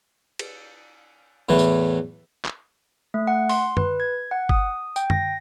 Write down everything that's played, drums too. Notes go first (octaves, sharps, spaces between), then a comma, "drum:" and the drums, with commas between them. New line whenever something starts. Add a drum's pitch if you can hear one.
drum: cymbal
E2 A2 E3
drum: tambourine
drum: clap
A3
F#5
C6, drum: open hi-hat
B4, drum: tom
G#6
F#5
D#6, drum: kick G1
G5, drum: tambourine
A#6, drum: tom